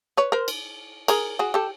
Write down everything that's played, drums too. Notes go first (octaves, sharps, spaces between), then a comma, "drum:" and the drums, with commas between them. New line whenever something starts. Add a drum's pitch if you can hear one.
B4 C#5
A#4 C5
drum: cymbal
G#4 A#4, drum: cymbal
F#4 G#4
G4 A4